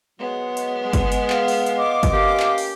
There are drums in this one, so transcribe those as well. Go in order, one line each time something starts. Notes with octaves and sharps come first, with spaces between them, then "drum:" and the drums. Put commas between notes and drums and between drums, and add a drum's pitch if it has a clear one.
F#3 G#3 B3
drum: hi-hat
G#3
drum: kick, hi-hat
drum: hi-hat
F5, drum: clap
drum: open hi-hat
drum: hi-hat
D#5 C6 D6
drum: kick, hi-hat
A#3 C#4 G4 F5
drum: clap
drum: open hi-hat